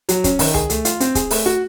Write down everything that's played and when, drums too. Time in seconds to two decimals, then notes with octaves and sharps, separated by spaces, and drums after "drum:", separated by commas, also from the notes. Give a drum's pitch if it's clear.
0.09 F#3, drum: hi-hat
0.24 C#4, drum: kick, hi-hat
0.39 D#3, drum: open hi-hat
0.54 G#4, drum: tom C#2
0.70 A3, drum: hi-hat
0.85 F4, drum: hi-hat
1.00 C4, drum: hi-hat
1.15 G#4, drum: kick, hi-hat
1.30 A3, drum: open hi-hat
1.46 F#4